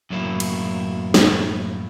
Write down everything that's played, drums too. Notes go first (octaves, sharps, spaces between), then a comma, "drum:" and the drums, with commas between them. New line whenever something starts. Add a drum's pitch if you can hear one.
F#2 A2 F#3 A#3 E4
drum: cymbal
drum: snare